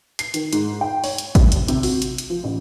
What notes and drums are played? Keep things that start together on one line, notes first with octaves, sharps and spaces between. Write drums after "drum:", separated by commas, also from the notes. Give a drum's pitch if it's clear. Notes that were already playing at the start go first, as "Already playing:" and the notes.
C7, drum: hi-hat
D#3, drum: hi-hat
G#2, drum: hi-hat
G5
C#5, drum: open hi-hat
drum: hi-hat
drum: kick G#1, hi-hat
drum: hi-hat
C3, drum: hi-hat
F#4, drum: open hi-hat
drum: hi-hat
drum: hi-hat
F3
A1